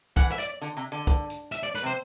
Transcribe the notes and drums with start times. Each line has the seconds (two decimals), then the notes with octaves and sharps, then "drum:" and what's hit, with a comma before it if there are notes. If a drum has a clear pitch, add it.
0.17 E3 F#5, drum: kick, hi-hat
0.32 E5
0.39 D5, drum: hi-hat
0.61 D3, drum: hi-hat
0.77 C3
0.92 D3
1.07 drum: kick, hi-hat
1.30 drum: hi-hat
1.52 E5, drum: hi-hat
1.63 D5
1.75 B4, drum: hi-hat
1.83 C3
1.86 C5